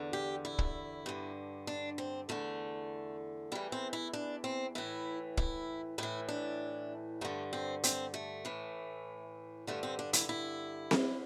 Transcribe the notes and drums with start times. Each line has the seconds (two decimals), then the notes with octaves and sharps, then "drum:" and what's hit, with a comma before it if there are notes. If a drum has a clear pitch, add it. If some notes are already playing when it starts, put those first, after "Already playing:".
Already playing: E2 D3
0.13 G4
0.45 E4
0.59 drum: kick
1.06 G2 D3
1.67 D4
1.98 C4
2.29 E2 D3 A3
3.52 E2 E3 G3
3.72 C4
3.93 E4
4.13 D4
4.44 C4
4.75 A2 E3 E4
5.37 E4, drum: kick
5.98 A2 E3 E4
6.29 D4
7.21 G2 D3 A3
7.53 C4
7.84 C4, drum: hi-hat
8.14 A3
8.45 A2 E3
9.67 G2 D3 A3
9.83 C4
9.99 D4
10.13 E4, drum: hi-hat
10.29 E4
10.91 E2 D3, drum: snare C4